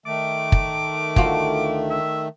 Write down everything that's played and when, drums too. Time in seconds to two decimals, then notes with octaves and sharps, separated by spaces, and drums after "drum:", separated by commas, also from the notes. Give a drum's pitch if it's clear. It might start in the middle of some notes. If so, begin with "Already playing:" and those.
0.06 D#3 A3 D6
0.52 drum: kick
1.16 D2 F4 F#4, drum: kick
1.90 E5